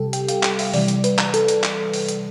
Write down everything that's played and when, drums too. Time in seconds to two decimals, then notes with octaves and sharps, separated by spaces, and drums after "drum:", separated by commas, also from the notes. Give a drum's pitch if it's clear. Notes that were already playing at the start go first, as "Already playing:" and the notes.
Already playing: C3 G3 G4 A4
0.13 G5, drum: hi-hat
0.28 F5, drum: hi-hat
0.43 G5, drum: clap
0.59 E5, drum: open hi-hat
0.73 C3 E3 G3 D5, drum: open hi-hat
0.88 drum: hi-hat
1.04 B4, drum: hi-hat
1.18 drum: clap
1.34 A4, drum: hi-hat
1.48 drum: hi-hat
1.63 drum: clap
1.93 drum: open hi-hat
2.09 drum: hi-hat